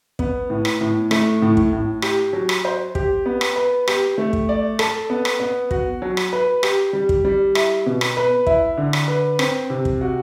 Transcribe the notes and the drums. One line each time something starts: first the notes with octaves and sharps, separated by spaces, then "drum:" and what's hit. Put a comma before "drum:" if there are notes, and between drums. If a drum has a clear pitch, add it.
B3, drum: kick
A2
drum: rim click
A2
A3, drum: rim click
A2
drum: kick
A2
G4, drum: rim click
F#3
drum: rim click
C5
G4, drum: kick
B3
drum: rim click
B4
G4, drum: rim click
A3
drum: kick
D5
A4, drum: rim click
B3
drum: rim click
B3
F#4, drum: kick
F#3
drum: rim click
B4
G4, drum: rim click
G3
drum: kick
G3
E4, drum: rim click
B2
drum: rim click
B4
E4, drum: kick
D3
drum: rim click
B4
C4, drum: rim click
C3
drum: kick
F#4